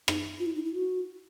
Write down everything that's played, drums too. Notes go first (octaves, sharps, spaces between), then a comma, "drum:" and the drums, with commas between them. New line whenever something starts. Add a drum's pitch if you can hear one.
D#4, drum: rim click
F4
E4
D#4
E4
F#4